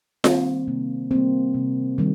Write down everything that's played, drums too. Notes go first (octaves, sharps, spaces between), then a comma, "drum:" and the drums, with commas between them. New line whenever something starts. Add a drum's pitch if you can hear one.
D#3 G3 A#3 C4, drum: snare F4
C3 A#3
D#3 G3 A#3 C4
C3
D#3 G3